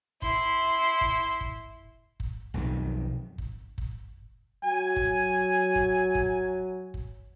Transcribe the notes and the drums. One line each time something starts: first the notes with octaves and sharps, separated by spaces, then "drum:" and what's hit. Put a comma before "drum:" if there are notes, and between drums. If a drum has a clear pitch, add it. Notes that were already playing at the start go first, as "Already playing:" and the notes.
E4 C6, drum: kick
drum: kick
drum: kick
drum: kick
B1 F2 D#3
drum: kick
drum: kick
F#3 G#5
drum: kick
drum: kick
drum: kick
drum: kick